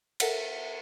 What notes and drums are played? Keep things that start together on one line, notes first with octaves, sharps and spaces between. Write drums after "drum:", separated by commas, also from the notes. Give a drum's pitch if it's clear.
A4 A#4 E5 F#5 B6, drum: cymbal